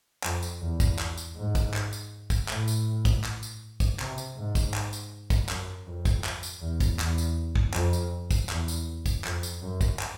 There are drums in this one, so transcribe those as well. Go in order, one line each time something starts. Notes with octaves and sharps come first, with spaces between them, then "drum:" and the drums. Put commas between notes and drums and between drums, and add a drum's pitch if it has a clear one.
F2, drum: clap
drum: tambourine
E2
drum: kick, tambourine
drum: clap
drum: tambourine
G#2
drum: kick, tambourine
drum: clap
drum: tambourine
drum: kick, tambourine
A2, drum: clap
drum: tambourine
drum: kick, tambourine
drum: clap
drum: tambourine
drum: kick, tambourine
C3, drum: clap
drum: tambourine
G#2
drum: kick, tambourine
drum: clap
drum: tambourine
drum: kick, tambourine
F#2, drum: clap
F2
drum: kick, tambourine
drum: clap
drum: tambourine
E2
drum: kick, tambourine
E2, drum: clap
drum: tambourine
drum: kick
F2, drum: clap
drum: tambourine
drum: kick, tambourine
E2, drum: clap
drum: tambourine
drum: kick, tambourine
F2, drum: clap
drum: tambourine
F#2
drum: kick, tambourine
drum: clap